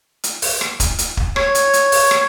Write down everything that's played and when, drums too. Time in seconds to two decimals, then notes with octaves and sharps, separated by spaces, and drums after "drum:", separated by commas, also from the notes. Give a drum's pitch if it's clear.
0.24 drum: hi-hat
0.42 drum: open hi-hat
0.61 drum: rim click
0.80 drum: kick, hi-hat
0.98 drum: hi-hat
1.17 drum: kick
1.36 C#5, drum: rim click
1.55 drum: hi-hat
1.73 drum: hi-hat
1.92 drum: open hi-hat
2.11 drum: rim click